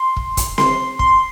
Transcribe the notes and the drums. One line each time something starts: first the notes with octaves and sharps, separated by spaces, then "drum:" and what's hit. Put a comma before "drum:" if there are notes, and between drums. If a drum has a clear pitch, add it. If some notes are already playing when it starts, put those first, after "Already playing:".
Already playing: C6
drum: kick
drum: kick, hi-hat
C6, drum: snare C4
C6, drum: kick